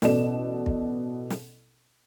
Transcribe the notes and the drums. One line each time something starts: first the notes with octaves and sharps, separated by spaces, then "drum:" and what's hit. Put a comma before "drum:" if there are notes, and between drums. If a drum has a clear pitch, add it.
A1 B2 A4 D5 E7, drum: snare
drum: kick
drum: snare